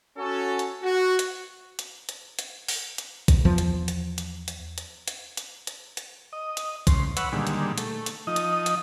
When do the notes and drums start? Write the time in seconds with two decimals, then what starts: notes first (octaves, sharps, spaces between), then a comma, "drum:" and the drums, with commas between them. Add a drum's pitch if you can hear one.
0.18 C#4 F#4 A4
0.59 drum: hi-hat
0.84 F#4
1.19 drum: hi-hat
1.79 drum: hi-hat
2.09 drum: hi-hat
2.39 drum: hi-hat
2.68 drum: open hi-hat
2.98 drum: hi-hat
3.28 drum: kick, hi-hat
3.45 E2 F3
3.58 drum: hi-hat
3.88 drum: hi-hat
4.18 drum: hi-hat
4.48 drum: hi-hat
4.78 drum: hi-hat
5.08 drum: hi-hat
5.37 drum: hi-hat
5.67 drum: hi-hat
5.97 drum: hi-hat
6.33 D#5
6.57 drum: hi-hat
6.87 C#3 C6, drum: kick, hi-hat
7.17 B4 C#5 F#5 E6, drum: hi-hat
7.32 A#2 D3 D#3 G3 G#3
7.47 drum: hi-hat
7.78 A3, drum: hi-hat
8.06 drum: hi-hat
8.27 F3 D#4 D#5
8.36 drum: hi-hat
8.66 drum: hi-hat